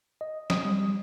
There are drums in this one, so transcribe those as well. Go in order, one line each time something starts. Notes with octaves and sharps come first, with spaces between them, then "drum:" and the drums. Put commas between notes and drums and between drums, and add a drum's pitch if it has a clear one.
D#5
D#6, drum: snare
G3